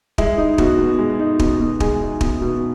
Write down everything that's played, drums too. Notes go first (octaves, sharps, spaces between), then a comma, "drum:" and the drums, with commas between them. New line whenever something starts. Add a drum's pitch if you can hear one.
G#3 E4, drum: kick
D#4
B2 F#4, drum: kick
B2
G#3
D#4
B2, drum: kick
B2
G#3 G#4, drum: kick
D#4
B2, drum: kick
B2